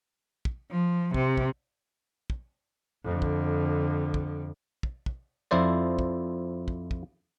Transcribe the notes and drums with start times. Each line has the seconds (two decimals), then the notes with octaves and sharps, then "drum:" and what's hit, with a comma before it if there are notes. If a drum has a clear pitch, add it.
0.45 drum: kick
0.71 F3
1.14 C3, drum: kick
1.37 drum: kick
2.30 drum: kick
3.04 F2 D3
3.22 drum: kick
4.14 drum: kick
4.83 drum: kick
5.06 drum: kick
5.51 F2 F3 E4 C5 D5
5.99 drum: kick
6.68 drum: kick
6.91 drum: kick